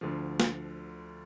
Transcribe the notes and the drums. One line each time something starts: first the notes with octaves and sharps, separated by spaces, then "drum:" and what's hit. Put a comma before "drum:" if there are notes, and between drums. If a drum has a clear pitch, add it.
D2 D3 F3
drum: snare